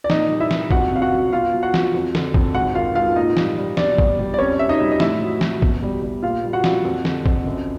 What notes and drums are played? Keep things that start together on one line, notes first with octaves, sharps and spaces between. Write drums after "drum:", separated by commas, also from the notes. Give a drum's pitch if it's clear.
D5
A#2 D#4 D#5, drum: snare
G3
E4 E5
G3, drum: snare
F2 F#4 F#5, drum: kick A1
C3 F5
F#4 F#5
F#3
B2 F4 F5
F#3
F#4 F#5
F#3, drum: snare
F2
D3, drum: snare
F2, drum: kick A1
G#2 F#4 F#5
D#3 F4 F5
G#2 F4 F5
A#2 D#4 D#5
G3, drum: snare
G3
B2 D4 D5, drum: snare
G3, drum: kick A1
G3
D5
F2 C#4 C#5
C3 E5
D#4 D#5
G3
D#5
A2 E4 E5, drum: snare
F#3
F#3, drum: snare
B2, drum: kick A1
G3
G3
A#2 F4 F5
G3
F#4 F#5
G3, drum: snare
F2
D3, drum: snare
F2, drum: kick A1
F#2